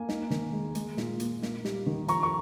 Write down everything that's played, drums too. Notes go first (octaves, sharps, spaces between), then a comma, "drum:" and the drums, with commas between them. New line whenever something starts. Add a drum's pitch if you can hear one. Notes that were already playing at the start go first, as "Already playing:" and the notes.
Already playing: A#3 G#5
D#4, drum: snare
D#3, drum: snare
G#3
G#3, drum: hi-hat
A#2, drum: snare
A#2, drum: hi-hat
A#3, drum: snare
G3, drum: snare
D#3
F3 A#5 C#6, drum: hi-hat
C#6